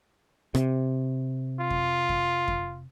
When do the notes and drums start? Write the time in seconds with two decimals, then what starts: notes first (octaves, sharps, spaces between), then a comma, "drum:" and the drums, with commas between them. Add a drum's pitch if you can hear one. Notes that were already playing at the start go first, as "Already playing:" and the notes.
0.55 C3, drum: rim click
1.60 F4
1.70 drum: kick F2
2.09 drum: kick F2
2.48 drum: kick F2